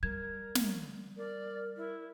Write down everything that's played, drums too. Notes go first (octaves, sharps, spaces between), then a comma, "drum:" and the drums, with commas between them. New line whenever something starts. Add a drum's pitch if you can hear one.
G3 A#4 G#6
drum: snare
A#4 D5
E4